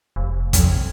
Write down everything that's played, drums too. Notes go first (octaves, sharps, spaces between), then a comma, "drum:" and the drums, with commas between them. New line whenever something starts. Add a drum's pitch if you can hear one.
F1
F2, drum: kick A1, hi-hat